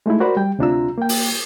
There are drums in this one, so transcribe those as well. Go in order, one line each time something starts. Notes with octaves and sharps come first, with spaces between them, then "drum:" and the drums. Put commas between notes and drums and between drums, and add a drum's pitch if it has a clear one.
G#3 A3 D#4 E4
F#4 A#4 C5 D5 F#5 B5
G3 G5
D2 C3 D4 F4 A#5 E6
A#3 G5
drum: open hi-hat